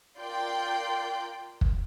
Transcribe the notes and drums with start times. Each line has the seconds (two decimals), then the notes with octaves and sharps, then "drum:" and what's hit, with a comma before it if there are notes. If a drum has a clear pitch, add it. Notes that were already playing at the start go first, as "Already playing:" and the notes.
0.19 F4 A#4 D5 G5 C6 G6
1.61 drum: kick